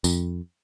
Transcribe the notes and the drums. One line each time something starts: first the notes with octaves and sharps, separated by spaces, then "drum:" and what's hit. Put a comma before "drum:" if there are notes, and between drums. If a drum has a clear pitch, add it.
F2, drum: tambourine